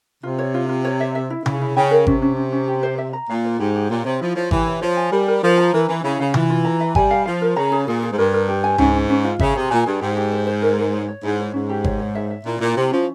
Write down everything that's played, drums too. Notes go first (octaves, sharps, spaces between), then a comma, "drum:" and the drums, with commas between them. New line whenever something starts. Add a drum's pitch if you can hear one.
C3 F4
C#5
F4
F4
C#5
E5
E5
E4
C#3 E4, drum: tom C3
E4
C#3 G5
A#4
C3 C#4, drum: kick G#1
C#4
C#4
C#4
G4
C5
E5
A#5
A#2 F5
C5
G#2 G4
G4
A#2 C#5
C3 C#5
F3 E4
F3 C#5
E3 G4, drum: kick G#1
C#5
F3 C#5
G#5
G3 A#4
A#4
F3 A#4
A#5
E3 A#4
E3 E4
C#3 E4
C#3 F5
E3 F4, drum: tom C3
F4
A#5
E5
G3 G#5, drum: kick G#1
F5
F3 F5
A#4
C#3 A#5
G#4
A#2 G#4
G#4
G#2
G2 A#4
A#4
G4
G#5
G#2 C#4, drum: tom C#2
C#4
C#4
F4
C#3 E5, drum: kick G#1
C3 G#4
A#2 G#5
G2 G#4
G#2 G4
G4
C5
C5
A#4
A#4
C#5
C#5
G#2 E4
C#5
G#2 C#4
G4
C#5, drum: kick G#1
C#5
E5
E5
A#2 E4
A#2 E4
C3 E4
F3 C#4